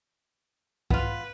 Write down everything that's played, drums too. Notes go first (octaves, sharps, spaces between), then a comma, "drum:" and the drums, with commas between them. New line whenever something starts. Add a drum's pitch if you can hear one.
B3 F4 B4, drum: kick